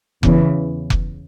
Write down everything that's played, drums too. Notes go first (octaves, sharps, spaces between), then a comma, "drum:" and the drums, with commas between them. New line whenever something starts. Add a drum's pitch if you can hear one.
E2 C#3 E3, drum: kick F1
drum: kick F1